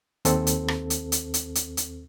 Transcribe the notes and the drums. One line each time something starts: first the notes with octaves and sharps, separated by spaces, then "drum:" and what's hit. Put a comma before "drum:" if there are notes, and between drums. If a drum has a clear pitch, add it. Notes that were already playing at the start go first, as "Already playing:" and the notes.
D#2 C4 A4, drum: hi-hat
drum: hi-hat
drum: rim click
drum: hi-hat
drum: hi-hat
drum: hi-hat
drum: hi-hat
drum: hi-hat